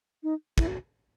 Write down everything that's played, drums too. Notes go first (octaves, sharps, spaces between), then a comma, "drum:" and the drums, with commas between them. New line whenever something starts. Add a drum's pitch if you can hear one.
D#4
E4, drum: kick
F#4